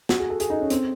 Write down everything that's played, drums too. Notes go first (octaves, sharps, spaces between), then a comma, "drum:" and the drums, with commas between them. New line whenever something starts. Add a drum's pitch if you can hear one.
F#4, drum: snare
G#4
A4
G#4, drum: hi-hat
D#4
C#4
C4, drum: hi-hat